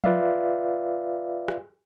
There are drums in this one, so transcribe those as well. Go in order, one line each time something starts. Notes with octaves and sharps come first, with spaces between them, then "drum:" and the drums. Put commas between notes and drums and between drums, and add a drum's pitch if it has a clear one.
F4 B4 D5 E5 F5, drum: tom F3
drum: rim click